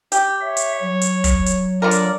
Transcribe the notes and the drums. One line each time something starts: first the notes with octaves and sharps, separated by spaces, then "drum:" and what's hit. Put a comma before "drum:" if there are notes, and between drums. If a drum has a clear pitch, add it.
G4, drum: hi-hat
C#5 E5
drum: hi-hat
F#3
drum: hi-hat
drum: kick, hi-hat
drum: hi-hat
D3 F4 A#4 D5
drum: hi-hat